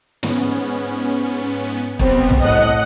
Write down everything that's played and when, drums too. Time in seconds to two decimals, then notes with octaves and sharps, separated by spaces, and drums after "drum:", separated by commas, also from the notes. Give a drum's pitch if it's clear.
0.23 G#2 B3 C#4, drum: snare
1.99 B2 G3 B3 C4, drum: kick
2.29 drum: tom
2.41 A2 D#5 F#5